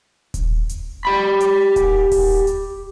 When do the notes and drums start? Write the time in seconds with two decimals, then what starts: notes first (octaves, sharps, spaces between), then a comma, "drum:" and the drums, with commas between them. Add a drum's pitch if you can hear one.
0.34 drum: kick D#1, hi-hat
0.69 drum: hi-hat
1.05 G4 B5
1.40 drum: hi-hat
1.76 drum: kick D#1, hi-hat
2.11 drum: kick D#1, open hi-hat
2.47 drum: hi-hat